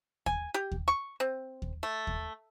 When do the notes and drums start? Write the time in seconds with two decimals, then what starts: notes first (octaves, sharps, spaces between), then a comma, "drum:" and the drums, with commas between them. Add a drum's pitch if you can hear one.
0.26 G#5, drum: kick D#2
0.54 G4
0.72 drum: kick D#2
0.88 C#6
1.20 C4
1.62 drum: kick D#2
1.83 A3
2.07 drum: kick D#2